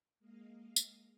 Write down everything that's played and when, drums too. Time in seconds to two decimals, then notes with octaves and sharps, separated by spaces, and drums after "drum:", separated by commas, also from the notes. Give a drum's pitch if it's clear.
0.20 G#3 A#3 D#5 F5
0.76 drum: tambourine